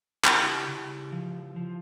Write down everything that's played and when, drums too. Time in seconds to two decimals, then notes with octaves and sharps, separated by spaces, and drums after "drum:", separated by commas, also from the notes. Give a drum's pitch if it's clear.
0.25 C#3 E4 G4, drum: clap
0.68 C#3
1.12 F3
1.56 F3